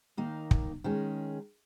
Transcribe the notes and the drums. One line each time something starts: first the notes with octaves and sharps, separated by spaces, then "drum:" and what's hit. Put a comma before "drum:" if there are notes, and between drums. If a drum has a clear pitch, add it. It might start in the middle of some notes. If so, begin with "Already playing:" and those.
D#2 D#3 A#3 D#4
drum: kick
D#3 G#3 C#4 G#4